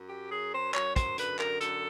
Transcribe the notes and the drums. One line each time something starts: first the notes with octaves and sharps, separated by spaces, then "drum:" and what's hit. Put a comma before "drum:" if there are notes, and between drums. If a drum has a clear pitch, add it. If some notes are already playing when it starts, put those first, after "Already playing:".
Already playing: F#2
G4
F#3 G#4
C5
F#2 C#5, drum: clap
C5, drum: kick, hi-hat
D3 B4, drum: hi-hat
A#4, drum: clap
F#2 A4, drum: hi-hat